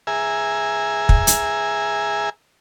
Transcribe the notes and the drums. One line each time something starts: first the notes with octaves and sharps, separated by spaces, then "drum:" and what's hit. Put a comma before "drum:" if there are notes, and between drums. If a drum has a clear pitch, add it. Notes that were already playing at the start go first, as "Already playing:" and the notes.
G#4 E5 G#5 A#5
drum: kick
drum: hi-hat